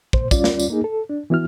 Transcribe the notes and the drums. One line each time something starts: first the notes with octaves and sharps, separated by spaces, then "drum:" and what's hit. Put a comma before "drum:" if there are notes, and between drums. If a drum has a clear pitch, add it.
A#2 C5, drum: kick
D2 G3 C#4 F4 D5, drum: kick, tambourine
drum: snare
drum: tambourine
A#3 D#4 G#4
A4
D4
E3 B3 E4 F#4 F6